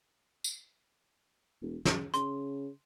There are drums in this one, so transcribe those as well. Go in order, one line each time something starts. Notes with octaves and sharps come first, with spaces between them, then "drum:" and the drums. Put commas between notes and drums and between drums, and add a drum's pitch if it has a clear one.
drum: tambourine
E1
C#3, drum: snare
C#3 C6, drum: hi-hat